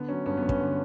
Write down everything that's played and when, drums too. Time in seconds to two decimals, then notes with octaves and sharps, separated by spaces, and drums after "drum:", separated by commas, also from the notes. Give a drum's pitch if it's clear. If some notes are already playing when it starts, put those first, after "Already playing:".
Already playing: D3 B3
0.09 F#3 C#4
0.26 G2 C#4
0.37 B3
0.43 G2
0.49 C#4, drum: kick
0.60 D3